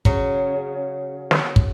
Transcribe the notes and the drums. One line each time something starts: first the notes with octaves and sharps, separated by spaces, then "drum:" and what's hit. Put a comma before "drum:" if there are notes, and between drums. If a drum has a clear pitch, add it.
C#3 F#3, drum: kick
drum: snare
drum: kick